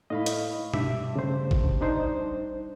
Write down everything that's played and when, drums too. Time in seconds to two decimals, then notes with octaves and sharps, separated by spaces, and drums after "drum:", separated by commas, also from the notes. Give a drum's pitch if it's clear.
0.10 A2 D#5 F5 B5
0.26 drum: hi-hat
0.74 G2 E5 D6, drum: tom B2
1.16 C#3 A3 C5
1.51 drum: kick
1.81 D4 D#4 C5